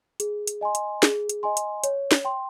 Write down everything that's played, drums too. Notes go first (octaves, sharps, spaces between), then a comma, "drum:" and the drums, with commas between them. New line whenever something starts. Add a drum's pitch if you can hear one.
G#4, drum: hi-hat
drum: hi-hat
D#5 G#5 C6
drum: hi-hat
G#4, drum: snare
drum: hi-hat
D#5 G#5 C6
drum: hi-hat
C#5, drum: hi-hat
drum: snare
G5 C6